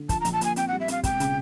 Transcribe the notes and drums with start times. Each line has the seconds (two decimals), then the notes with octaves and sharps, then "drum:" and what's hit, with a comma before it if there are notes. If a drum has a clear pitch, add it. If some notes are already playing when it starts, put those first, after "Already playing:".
Already playing: D3
0.09 F3 A5, drum: kick, hi-hat
0.21 A#5
0.25 A#1, drum: hi-hat
0.33 A5
0.41 A#2 G#5, drum: hi-hat
0.56 C4 G5, drum: hi-hat
0.68 F#5
0.73 G3
0.80 E5
0.88 C4 F5, drum: hi-hat
1.04 E1 G5, drum: kick, hi-hat
1.20 C#3, drum: hi-hat